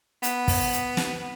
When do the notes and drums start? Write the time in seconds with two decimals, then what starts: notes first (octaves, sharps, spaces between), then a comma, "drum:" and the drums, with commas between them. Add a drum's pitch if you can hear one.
0.23 B3, drum: hi-hat
0.48 drum: kick, open hi-hat
0.72 drum: hi-hat
0.97 drum: snare